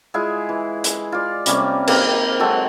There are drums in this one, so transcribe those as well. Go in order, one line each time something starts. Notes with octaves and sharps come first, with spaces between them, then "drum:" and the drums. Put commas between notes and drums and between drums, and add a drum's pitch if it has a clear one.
G#3 E4 F4 G#4
E3
drum: hi-hat
F4 D5
C3 G3 A#3 C#4, drum: hi-hat
D#3 A#3 C4 A#4, drum: cymbal
F#3 G#3 C4 A4